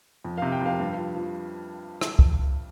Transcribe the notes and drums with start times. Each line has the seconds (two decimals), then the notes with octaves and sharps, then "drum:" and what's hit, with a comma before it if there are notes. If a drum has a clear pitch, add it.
0.24 F2
0.38 C3 F5
0.52 G5
0.61 F2 F5
0.80 G2
0.98 F3
1.16 F3
2.01 drum: rim click
2.19 drum: kick